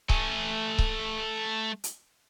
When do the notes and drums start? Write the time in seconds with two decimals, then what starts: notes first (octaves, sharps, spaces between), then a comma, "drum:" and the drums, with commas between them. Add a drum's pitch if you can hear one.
0.09 A3 G#5, drum: kick C#1
0.78 drum: kick C#1
1.84 drum: hi-hat